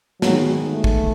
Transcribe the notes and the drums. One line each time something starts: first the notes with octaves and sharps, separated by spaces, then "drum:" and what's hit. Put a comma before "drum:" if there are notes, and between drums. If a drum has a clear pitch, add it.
D#3 F#3 G#3 B3, drum: snare
A3
drum: kick